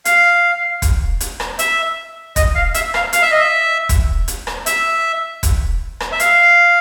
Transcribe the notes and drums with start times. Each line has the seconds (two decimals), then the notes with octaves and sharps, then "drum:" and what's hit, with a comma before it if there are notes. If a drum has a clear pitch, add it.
0.05 F5, drum: hi-hat
0.82 drum: kick, hi-hat
1.20 drum: hi-hat
1.40 drum: rim click
1.59 E5, drum: hi-hat
2.36 D#5, drum: kick, hi-hat
2.55 F5
2.74 E5, drum: hi-hat
2.94 F5, drum: rim click
3.13 F5, drum: hi-hat
3.22 E5
3.31 D#5
3.40 E5
3.89 drum: kick, hi-hat
4.28 drum: hi-hat
4.47 drum: rim click
4.66 E5, drum: hi-hat
5.43 drum: kick, hi-hat
6.00 drum: rim click
6.12 E5
6.20 F5, drum: hi-hat